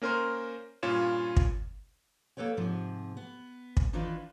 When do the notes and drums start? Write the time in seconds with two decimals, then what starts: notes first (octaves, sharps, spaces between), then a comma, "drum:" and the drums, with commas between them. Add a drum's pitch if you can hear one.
0.02 A#3 C#4 A#4 C5 C6
0.83 G2 A#2 C#4 F4 C#5 E7
1.37 drum: kick
2.37 A#3 A4 B4 C#5 G5
2.57 G#2 C3 F3 G#4
3.17 B3
3.77 drum: kick
3.93 D#3 E3 D4 D#4 F4 B4